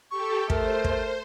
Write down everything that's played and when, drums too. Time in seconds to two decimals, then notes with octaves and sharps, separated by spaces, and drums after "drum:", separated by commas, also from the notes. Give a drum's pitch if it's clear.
0.11 G4 A4 C#6
0.50 A3 A#4 C5, drum: kick
0.84 drum: kick